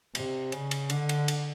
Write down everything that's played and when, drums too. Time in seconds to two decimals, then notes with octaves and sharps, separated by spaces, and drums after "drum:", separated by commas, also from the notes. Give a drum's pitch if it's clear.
0.15 C3, drum: cymbal
0.52 C#3, drum: cymbal
0.71 drum: cymbal
0.90 D3, drum: cymbal
1.09 drum: cymbal
1.28 drum: cymbal